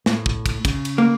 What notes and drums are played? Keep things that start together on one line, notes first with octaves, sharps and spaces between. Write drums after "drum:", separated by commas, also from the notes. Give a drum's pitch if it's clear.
A2, drum: snare
drum: kick
drum: kick, cymbal
C#3, drum: kick, cymbal
drum: cymbal
A#3